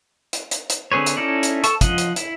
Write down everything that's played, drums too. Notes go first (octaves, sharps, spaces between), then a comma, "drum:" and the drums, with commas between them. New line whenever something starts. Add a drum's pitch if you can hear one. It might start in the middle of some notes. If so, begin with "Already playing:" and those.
drum: hi-hat
drum: hi-hat
drum: hi-hat
D3 C4 G#4 B4 C#5
drum: hi-hat
C#4 D#4 E4 A4 D5
drum: hi-hat
A4 A5 C#6, drum: hi-hat
F3 D#5 F#5, drum: kick, hi-hat
drum: hi-hat
E4, drum: hi-hat